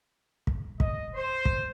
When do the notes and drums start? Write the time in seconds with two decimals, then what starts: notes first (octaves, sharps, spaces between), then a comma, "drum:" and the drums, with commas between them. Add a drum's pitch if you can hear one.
0.47 drum: kick
0.80 D#5, drum: kick
1.14 C5
1.45 drum: kick